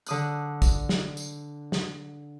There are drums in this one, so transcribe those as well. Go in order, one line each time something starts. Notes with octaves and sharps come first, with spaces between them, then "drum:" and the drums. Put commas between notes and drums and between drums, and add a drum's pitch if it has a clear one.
D3 D#6 F#6, drum: tambourine
drum: kick, tambourine
drum: snare
drum: tambourine
drum: snare